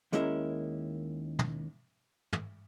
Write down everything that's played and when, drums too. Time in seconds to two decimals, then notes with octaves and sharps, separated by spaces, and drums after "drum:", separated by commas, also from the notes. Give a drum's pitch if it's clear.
0.12 D#2 G#3 C#4 E4 A#4, drum: hi-hat
1.39 drum: tom
2.33 drum: tom